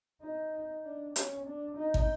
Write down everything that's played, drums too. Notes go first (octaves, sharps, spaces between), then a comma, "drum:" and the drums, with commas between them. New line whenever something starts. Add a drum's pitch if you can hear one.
D#4
D4
C#4, drum: hi-hat
D4
D#4
drum: kick